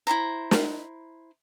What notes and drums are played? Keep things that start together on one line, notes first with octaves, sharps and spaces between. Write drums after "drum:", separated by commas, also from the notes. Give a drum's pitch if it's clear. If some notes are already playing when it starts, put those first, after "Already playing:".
E4 F#4 C5 A#5
drum: snare